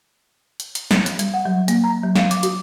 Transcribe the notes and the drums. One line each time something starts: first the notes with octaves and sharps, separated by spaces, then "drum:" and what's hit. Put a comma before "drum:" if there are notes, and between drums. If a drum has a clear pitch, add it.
drum: hi-hat
drum: hi-hat
drum: snare
drum: hi-hat
G3, drum: hi-hat
F#5
F#3
A#3, drum: hi-hat
A#5
F#3
F5, drum: snare
D6, drum: hi-hat
F#4, drum: hi-hat